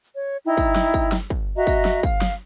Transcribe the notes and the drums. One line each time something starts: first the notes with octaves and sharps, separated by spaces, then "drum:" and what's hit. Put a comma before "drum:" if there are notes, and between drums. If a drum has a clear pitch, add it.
C#5
D#4 E4 G5 A#5
drum: kick, tambourine
drum: snare
drum: kick, tambourine
drum: snare
drum: kick
F#4 D#5 E5 A#5
drum: kick, tambourine
drum: snare
F5, drum: kick, tambourine
drum: snare